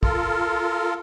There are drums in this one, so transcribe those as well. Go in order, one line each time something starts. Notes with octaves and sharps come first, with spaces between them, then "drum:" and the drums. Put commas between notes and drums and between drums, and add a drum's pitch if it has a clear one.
F4 A4 A#4, drum: kick